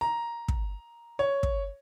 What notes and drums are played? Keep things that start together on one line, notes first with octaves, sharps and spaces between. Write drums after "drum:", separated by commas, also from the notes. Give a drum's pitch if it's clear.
A#5
drum: kick
C#5
drum: kick